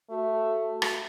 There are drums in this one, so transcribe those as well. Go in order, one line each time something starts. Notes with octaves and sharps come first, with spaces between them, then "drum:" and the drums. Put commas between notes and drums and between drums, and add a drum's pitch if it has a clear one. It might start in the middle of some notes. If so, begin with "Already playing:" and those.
A3 F#4
drum: rim click